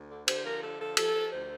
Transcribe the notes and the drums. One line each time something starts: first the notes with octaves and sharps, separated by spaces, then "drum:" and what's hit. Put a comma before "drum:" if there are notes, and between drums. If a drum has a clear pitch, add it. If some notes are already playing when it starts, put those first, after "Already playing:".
Already playing: D2
D3
D3 C5, drum: cymbal
F3 A#4
D3 A4
F3 A4
F3 A4, drum: cymbal
F3
D2 C5